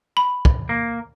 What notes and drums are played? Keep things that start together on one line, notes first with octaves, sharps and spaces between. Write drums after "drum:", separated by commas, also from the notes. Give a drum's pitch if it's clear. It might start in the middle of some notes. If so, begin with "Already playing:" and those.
B5
drum: kick
A#3